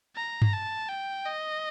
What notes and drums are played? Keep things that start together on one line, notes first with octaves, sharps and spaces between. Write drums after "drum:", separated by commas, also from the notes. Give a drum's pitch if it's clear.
A#5
drum: tom G2
A5
G5
D#5